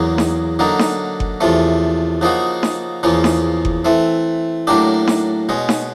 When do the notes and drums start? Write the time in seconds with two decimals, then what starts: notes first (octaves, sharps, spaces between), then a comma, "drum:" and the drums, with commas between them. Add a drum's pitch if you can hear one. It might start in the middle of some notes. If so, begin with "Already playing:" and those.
Already playing: E2 C#3 F#3 A#3
0.18 drum: snare D#4
0.59 D3 F#3 A#3 D#4
0.79 drum: snare D#4
1.20 drum: kick F#1
1.41 E2 C3 F3 A3 C#4
2.21 C#3 F3 A#3 D#4 F#4
2.63 drum: snare D#4
3.03 E2 C#3 F3 A#3 C#4
3.24 drum: snare D#4
3.65 drum: kick F#1
3.85 E3 A3 C4
4.67 A2 F#3 A#3 D4 G4
5.07 drum: snare D#4
5.49 B2 G#3 C#4
5.69 drum: snare D#4